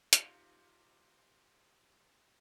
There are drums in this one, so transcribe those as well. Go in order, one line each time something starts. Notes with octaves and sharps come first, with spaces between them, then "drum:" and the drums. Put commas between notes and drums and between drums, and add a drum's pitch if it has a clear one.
C3 D#4 F4, drum: hi-hat